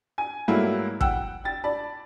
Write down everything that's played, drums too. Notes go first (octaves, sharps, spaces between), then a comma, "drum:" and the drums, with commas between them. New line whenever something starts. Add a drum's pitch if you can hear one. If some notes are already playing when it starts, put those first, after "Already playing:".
G#5
G#2 F#3 G3 A3 A#3 E4
F#5 G5 E6, drum: kick
G5 A6
D5 A5 B5